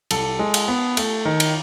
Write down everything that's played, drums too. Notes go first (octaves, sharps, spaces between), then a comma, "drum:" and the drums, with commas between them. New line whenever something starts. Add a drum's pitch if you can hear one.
C2 A4, drum: cymbal
G#3
drum: cymbal
B3
A3, drum: cymbal
D#3
drum: cymbal